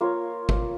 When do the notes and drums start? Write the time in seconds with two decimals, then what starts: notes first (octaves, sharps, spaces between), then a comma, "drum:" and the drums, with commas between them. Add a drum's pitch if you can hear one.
0.01 A#3 F4 A#4 C#5
0.49 drum: kick